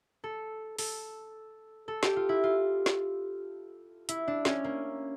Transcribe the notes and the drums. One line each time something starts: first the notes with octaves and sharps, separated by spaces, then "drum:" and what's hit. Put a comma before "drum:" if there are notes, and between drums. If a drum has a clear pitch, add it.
A4
A4, drum: open hi-hat
A4
G4, drum: snare
F4
E4
F4
drum: snare
E4, drum: hi-hat
D4
C#4, drum: snare
A#3